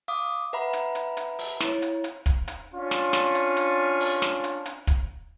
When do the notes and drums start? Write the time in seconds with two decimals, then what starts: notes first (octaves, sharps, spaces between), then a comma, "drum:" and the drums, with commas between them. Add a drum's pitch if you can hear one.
0.08 F5 D6 D#6
0.53 B4 E5 F#5 A#5 B5
0.73 drum: hi-hat
0.95 drum: hi-hat
1.17 drum: hi-hat
1.39 drum: open hi-hat
1.60 E4 C#5, drum: snare
1.82 drum: hi-hat
2.04 drum: hi-hat
2.26 drum: kick, hi-hat
2.48 drum: hi-hat
2.72 C#4 D4 F4
2.91 drum: snare
3.13 drum: snare
3.35 drum: hi-hat
3.57 drum: hi-hat
4.00 drum: open hi-hat
4.22 drum: snare
4.44 drum: hi-hat
4.66 drum: hi-hat
4.87 drum: kick, hi-hat